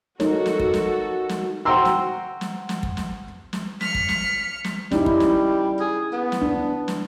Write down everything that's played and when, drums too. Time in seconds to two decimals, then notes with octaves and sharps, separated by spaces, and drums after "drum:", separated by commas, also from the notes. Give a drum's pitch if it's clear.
0.20 D#4 F#4 A4 A#4 C#5, drum: snare
0.46 drum: snare
0.60 drum: kick
0.74 drum: snare
1.29 drum: snare
1.65 F#4 C5 G5 A#5 C6 E6
1.85 drum: snare
2.41 drum: snare
2.69 drum: snare
2.83 drum: kick
2.97 drum: snare
3.53 drum: snare
3.81 F6 B6 C#7, drum: snare
3.95 drum: kick
4.09 drum: snare
4.64 drum: snare
4.91 G3 C#4 D#4 E4, drum: snare
5.06 drum: kick
5.20 drum: snare
5.80 G#4
6.13 B3
6.32 drum: snare
6.42 D4
6.88 drum: snare